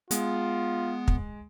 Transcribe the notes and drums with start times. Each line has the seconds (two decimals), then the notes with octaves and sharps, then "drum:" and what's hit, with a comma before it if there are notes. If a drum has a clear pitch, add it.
0.11 G#3 B3 F4, drum: hi-hat
1.08 drum: kick